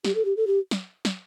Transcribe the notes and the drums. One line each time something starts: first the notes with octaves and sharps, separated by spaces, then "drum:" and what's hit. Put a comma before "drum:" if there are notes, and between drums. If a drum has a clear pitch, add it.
G4, drum: snare
A4
G4
A4
G4
drum: snare
drum: snare